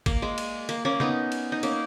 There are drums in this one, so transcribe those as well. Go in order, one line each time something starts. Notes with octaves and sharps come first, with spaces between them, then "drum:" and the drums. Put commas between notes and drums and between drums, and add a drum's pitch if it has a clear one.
A#3, drum: kick G#1, cymbal
G#3
drum: cymbal
A#3, drum: cymbal
A#3 C#4
B3 D#4, drum: snare
drum: cymbal
D#4
A#3 C#4, drum: cymbal